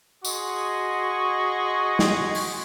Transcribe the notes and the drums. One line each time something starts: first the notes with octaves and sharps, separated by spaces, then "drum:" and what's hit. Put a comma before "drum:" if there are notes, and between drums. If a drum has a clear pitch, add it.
F#4 G#4 D#5 C6 C#6, drum: tambourine
drum: snare
drum: open hi-hat